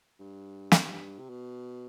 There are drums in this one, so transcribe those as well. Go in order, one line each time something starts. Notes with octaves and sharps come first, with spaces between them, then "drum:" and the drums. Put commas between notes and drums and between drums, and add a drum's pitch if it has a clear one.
G2
drum: snare
G2
C3
B2